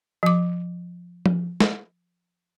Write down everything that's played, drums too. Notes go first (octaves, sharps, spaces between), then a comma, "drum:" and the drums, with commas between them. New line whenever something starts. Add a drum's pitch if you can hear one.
F3 D6
drum: tom F3
drum: snare